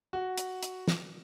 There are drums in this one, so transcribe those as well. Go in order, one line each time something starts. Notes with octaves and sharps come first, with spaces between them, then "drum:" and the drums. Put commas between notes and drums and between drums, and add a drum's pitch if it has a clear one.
F#4
drum: hi-hat
drum: hi-hat
drum: snare